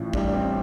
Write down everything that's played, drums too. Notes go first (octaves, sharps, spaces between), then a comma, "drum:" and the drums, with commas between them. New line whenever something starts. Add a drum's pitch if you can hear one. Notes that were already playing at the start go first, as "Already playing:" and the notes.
Already playing: A1 A2 F3
G3 D4, drum: kick
C4